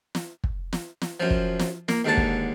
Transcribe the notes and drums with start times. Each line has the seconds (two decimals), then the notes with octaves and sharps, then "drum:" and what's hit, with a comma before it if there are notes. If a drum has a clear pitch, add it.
0.15 drum: snare
0.44 drum: kick
0.73 drum: snare
1.02 drum: snare
1.20 F#2 F3
1.30 drum: kick
1.59 drum: snare
1.88 A#3, drum: snare
2.05 D#2 G#2 D3 A5
2.17 drum: kick